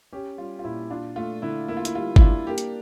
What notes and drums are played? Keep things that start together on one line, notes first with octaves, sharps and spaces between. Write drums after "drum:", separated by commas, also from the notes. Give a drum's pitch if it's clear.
C#4 G4
G3 F4
F4
A#2 E4
D4 F4
A3 F4
D3 E4
A#3 E4
F4
E4, drum: hi-hat
G3 F4
E4, drum: kick G1
D4 F4
A#3 G4
drum: hi-hat